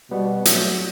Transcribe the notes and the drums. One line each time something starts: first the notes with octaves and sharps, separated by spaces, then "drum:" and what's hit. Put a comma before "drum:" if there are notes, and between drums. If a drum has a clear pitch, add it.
B2 G3 B3
F#3 A3, drum: hi-hat